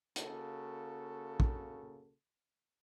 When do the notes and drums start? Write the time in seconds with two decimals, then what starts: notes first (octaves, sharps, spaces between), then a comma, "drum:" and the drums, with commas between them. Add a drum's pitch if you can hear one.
0.16 C#3 A#3 F#4 A4, drum: hi-hat
1.40 drum: kick